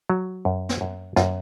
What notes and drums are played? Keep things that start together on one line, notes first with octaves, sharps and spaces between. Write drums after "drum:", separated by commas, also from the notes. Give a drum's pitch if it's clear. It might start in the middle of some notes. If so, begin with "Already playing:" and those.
F#3
F#2
drum: snare
F#2
F#2 F4, drum: snare